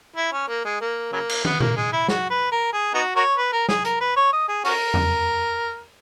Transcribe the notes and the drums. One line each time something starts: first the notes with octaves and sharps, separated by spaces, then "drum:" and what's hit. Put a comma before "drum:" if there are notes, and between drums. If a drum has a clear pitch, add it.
E4
C#4
A#3
G#3
A#3
C#3 F#3 A#3
drum: cymbal
B3, drum: tom
A#3, drum: tom A#2
G#3
E4
F#4, drum: snare
B4
A#4
G#4
B3 D#4 F#4
F#4 A#4 C#5
B4
A#4
G#4, drum: snare
A#4, drum: hi-hat
B4
C#5
D#5
G#4
C#4 F#4 A#4, drum: open hi-hat
drum: tom E2